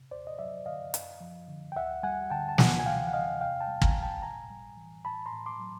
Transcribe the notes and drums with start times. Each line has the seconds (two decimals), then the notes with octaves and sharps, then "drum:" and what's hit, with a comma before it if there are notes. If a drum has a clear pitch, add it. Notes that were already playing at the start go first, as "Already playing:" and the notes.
Already playing: C3
0.11 D#2 C5 D5
0.27 D#5
0.39 F#3 D5 E5
0.66 D3 D#5 F5
0.94 F#2, drum: hi-hat
1.20 F3
1.48 D3
1.72 G5
1.76 D2 E5 F#5
2.03 G3 F#5 G#5
2.30 D3 G5 A5
2.49 A5
2.58 D2 F#5 G#5, drum: snare
2.79 G#5
2.85 E3 F5 G5
3.07 F#5
3.13 C3 D#5 F5
3.40 E2 F5 G5
3.61 G5 A5
3.67 G3
3.82 G#5 A#5, drum: kick
3.96 B2
4.03 G5 A5
4.22 A2 G#5 A#5
4.50 G3
4.77 E3
5.05 A2 A5 B5
5.26 A#5 C6
5.33 A2
5.46 C6 D6
5.60 F#3